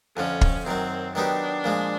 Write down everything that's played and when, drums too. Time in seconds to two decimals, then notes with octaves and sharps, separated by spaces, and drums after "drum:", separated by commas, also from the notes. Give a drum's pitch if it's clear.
0.17 F2 D3 F3 C#4
0.41 drum: kick
0.66 F#2 D#3 F#3 C4
1.15 D#3 F#3 B3 D4 D#4 G4
1.64 A#2 F3 G#3